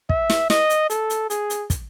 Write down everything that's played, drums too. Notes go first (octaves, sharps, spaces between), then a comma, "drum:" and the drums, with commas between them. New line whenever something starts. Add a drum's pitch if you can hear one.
E5, drum: kick
drum: snare
D#5, drum: snare
drum: hi-hat
A4, drum: hi-hat
drum: hi-hat
G#4, drum: hi-hat
drum: hi-hat
drum: kick, hi-hat